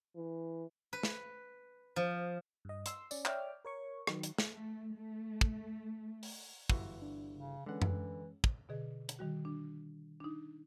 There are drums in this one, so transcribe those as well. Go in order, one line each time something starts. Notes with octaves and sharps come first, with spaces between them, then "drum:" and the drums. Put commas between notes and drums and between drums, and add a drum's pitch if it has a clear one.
E3
B4
drum: snare
F3
G2 D#5
C6 E6, drum: hi-hat
C#4 D5, drum: tambourine
C#5 D5 E5 G5 D6 F6, drum: clap
A#4 C#5 C#6
D#3 F#3, drum: rim click
drum: hi-hat
drum: snare
A3
A3
drum: kick
drum: open hi-hat
G1 F#2 E3 F#4, drum: kick
D4
C#3
D3 E3 G#3 C#4 F#5
drum: tom F#2
drum: kick
B2 D3 G#4 D#5
drum: hi-hat
D#3 G3 F#4
D4
D4 D#4